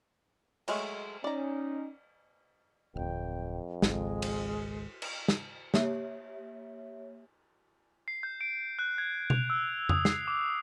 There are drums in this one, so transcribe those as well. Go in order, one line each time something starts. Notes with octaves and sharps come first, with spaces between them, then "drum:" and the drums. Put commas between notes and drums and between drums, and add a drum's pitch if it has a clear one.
F#3 G#3 A3, drum: cymbal
C#4 D#4 D5 A#5
D1 G1 F2 G5
G#1 C#2 G#3, drum: snare
drum: cymbal
drum: cymbal
drum: snare
A#3 G4 C#5 E5, drum: snare
C7
G6
D7
F#6
G#6
F7, drum: tom B2
E6
D#6, drum: tom F2
C7, drum: snare
D6